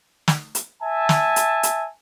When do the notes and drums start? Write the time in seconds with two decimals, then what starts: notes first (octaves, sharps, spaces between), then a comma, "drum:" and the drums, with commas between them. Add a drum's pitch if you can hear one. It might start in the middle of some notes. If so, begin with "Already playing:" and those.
0.28 drum: snare
0.55 drum: hi-hat
0.82 E5 G#5 A5
1.09 drum: snare
1.36 drum: hi-hat
1.63 drum: hi-hat